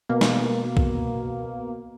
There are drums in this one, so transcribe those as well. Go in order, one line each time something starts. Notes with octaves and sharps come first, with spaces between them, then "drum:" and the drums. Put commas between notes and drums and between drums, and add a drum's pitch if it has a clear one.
B2 A#3
drum: snare
drum: kick B1